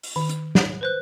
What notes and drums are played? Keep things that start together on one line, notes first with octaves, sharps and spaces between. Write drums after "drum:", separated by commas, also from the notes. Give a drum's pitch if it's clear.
drum: open hi-hat
D#3
drum: hi-hat
drum: snare
B4 C5 F#6